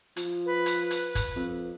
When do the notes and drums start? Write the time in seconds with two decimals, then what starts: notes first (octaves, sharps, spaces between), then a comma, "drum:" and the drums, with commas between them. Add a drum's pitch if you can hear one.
0.16 F3, drum: hi-hat
0.46 B4
0.66 drum: hi-hat
0.91 drum: hi-hat
1.15 drum: kick, hi-hat
1.36 F2